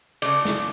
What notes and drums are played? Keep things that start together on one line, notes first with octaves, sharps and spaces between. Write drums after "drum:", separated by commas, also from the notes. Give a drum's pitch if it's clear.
C#3 F#3 A3 D5, drum: cymbal
drum: snare